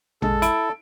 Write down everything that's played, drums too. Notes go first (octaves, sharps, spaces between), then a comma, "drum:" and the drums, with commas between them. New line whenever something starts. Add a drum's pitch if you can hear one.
G#3 A4, drum: tom A1
E4 D7, drum: hi-hat